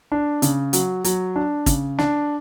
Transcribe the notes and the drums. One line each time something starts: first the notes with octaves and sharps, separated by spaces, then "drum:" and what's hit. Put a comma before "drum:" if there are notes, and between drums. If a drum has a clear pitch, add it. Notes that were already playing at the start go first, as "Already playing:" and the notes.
D4
C#3, drum: hi-hat
F#3, drum: hi-hat
F#3, drum: hi-hat
D4
C#3, drum: kick, hi-hat
D4, drum: snare